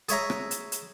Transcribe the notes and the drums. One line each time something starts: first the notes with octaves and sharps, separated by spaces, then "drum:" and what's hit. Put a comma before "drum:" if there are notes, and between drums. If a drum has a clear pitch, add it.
G#4 C#5 E5 A#5, drum: hi-hat
drum: rim click
drum: hi-hat
drum: hi-hat